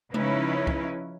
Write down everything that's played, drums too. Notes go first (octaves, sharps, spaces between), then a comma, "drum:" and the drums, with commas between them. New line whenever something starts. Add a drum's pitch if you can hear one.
C#3 F3 C#4 D#4 E4 B4, drum: tom G#3
drum: kick